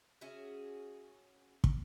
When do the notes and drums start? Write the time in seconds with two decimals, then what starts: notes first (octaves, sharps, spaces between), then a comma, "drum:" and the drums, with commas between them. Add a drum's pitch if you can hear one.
0.21 C#4 F#4 G#4 E5
1.64 drum: kick